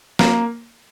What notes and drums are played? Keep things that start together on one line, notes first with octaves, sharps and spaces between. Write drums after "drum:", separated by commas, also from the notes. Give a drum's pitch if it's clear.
A#3, drum: snare